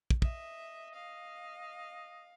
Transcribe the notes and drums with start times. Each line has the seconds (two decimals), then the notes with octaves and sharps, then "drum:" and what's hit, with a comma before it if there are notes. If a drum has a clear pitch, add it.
0.10 drum: kick
0.22 D#5 E5, drum: kick
0.95 D#5 F5